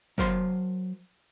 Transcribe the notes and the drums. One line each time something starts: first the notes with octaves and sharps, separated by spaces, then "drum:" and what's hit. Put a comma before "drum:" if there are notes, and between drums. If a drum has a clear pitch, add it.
F#3 A#4 C5 C6, drum: kick